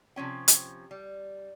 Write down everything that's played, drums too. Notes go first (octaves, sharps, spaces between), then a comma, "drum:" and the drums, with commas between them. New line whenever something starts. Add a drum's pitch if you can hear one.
C3 F3 C#4 G5
drum: hi-hat
G3